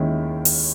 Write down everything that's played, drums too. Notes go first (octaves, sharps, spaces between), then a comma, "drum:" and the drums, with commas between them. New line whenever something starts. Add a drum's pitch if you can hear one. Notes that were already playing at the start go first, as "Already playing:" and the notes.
Already playing: D#2 D#3 G#3 C#4 E4
drum: open hi-hat